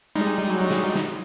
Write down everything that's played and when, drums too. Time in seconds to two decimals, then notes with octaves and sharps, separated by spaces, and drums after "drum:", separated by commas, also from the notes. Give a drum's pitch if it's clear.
0.15 G3 G#3 D#4
0.46 F#3
0.71 drum: snare
0.95 drum: snare